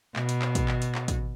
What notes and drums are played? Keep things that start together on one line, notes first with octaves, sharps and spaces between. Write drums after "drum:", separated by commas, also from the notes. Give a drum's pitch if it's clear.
B2, drum: clap
drum: hi-hat
drum: clap
drum: kick, hi-hat
drum: clap
drum: hi-hat
drum: clap
drum: kick, hi-hat